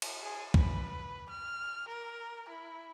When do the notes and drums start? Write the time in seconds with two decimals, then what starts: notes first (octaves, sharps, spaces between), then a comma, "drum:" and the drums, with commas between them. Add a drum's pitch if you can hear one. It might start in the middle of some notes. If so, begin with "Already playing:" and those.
0.02 drum: cymbal
0.22 G#4
0.54 B4, drum: kick
1.29 F6
1.88 A#4
2.49 E4